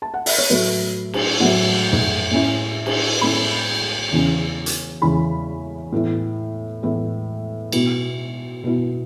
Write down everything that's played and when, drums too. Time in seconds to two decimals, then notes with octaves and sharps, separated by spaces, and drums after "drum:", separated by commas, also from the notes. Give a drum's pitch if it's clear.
0.02 A5
0.14 F#5
0.26 E5, drum: open hi-hat
0.38 C#5
0.50 A2 F#3 A3 B4
1.13 drum: cymbal
1.40 A2 F#3 A3 F#5
1.93 drum: tom
2.31 A2 A3 C#4 E4
2.86 drum: cymbal
3.21 A2 A3 C#4 E4 B5
4.12 E2 C#3 E3 C#4
4.66 drum: hi-hat
5.02 E2 C#3 E3 C#4 B5
5.92 A2 E3 B3 E4
6.83 A2 E3 B3 E4
7.72 B2 B3 E4, drum: cymbal
8.64 B2 B3 E4